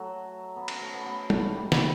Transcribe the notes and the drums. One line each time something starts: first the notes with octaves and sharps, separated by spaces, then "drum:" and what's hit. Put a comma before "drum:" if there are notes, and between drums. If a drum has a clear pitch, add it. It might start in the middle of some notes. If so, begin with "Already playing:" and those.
Already playing: F#3 A3
B3
C#4, drum: cymbal
A3
B3
B3
A3, drum: tom
G3
G3, drum: snare